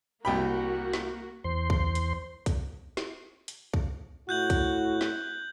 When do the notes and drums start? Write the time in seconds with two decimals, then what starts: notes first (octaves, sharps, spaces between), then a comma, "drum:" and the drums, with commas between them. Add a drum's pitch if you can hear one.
0.25 C2 A#3 F#4 G5 B5
0.93 drum: snare
1.44 E2 C5 C6
1.70 drum: kick
1.95 drum: hi-hat
2.46 drum: kick, hi-hat
2.97 drum: snare
3.48 drum: hi-hat
3.74 drum: kick
4.29 A2 E4 F#4 F#6 G6 F#7
4.50 drum: kick, hi-hat
5.01 drum: snare